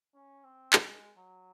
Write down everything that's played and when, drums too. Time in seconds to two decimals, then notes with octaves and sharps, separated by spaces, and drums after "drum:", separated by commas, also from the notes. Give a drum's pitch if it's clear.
0.15 C#4
0.44 C4
0.73 G#3, drum: clap
1.17 F#3